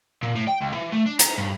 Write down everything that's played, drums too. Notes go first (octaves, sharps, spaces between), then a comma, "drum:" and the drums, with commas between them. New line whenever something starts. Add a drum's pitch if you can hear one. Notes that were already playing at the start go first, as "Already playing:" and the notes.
A#2
A2
G5
C#2
E3
A3
D4
A#5, drum: hi-hat
G2